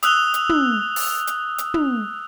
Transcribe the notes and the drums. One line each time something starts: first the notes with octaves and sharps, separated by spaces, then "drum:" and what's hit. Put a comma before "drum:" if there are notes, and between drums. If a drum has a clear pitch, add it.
D#6 E6 F#6 F7 G7, drum: hi-hat
drum: hi-hat
drum: tom
drum: open hi-hat
drum: hi-hat
drum: hi-hat
drum: tom